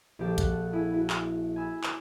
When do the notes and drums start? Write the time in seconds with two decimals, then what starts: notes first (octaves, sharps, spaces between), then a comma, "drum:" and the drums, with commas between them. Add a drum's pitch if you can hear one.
0.19 A#1 G4 A4
0.38 F#5, drum: kick A1, hi-hat
0.73 E4 G#4
0.94 E4 F#4
1.10 drum: clap
1.56 G#5 B5 E6
1.83 drum: clap